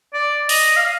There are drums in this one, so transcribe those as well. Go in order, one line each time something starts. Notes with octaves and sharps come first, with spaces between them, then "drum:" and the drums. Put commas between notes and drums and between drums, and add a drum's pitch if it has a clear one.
D5
D#5, drum: open hi-hat
F5